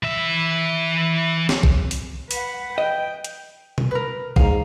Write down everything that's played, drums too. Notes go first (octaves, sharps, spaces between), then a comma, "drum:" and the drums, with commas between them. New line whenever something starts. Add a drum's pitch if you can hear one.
E3 E5
drum: snare
drum: kick A#1
drum: open hi-hat
B4 F#5, drum: open hi-hat
D#5 G5
drum: hi-hat
drum: tom B2
A#4 B4
G#2 F5 A#5, drum: kick A#1